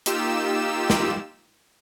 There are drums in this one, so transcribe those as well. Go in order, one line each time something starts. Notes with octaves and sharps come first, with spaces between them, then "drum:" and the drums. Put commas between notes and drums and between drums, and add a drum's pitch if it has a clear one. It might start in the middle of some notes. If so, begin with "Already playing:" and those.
A#3 D#4 F4 G4 E6 E7, drum: hi-hat
drum: snare